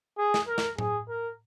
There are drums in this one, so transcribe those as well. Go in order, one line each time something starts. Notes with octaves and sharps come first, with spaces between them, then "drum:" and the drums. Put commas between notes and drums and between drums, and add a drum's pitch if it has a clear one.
G#4
drum: snare
A#4
drum: snare
G#4, drum: tom A2
A#4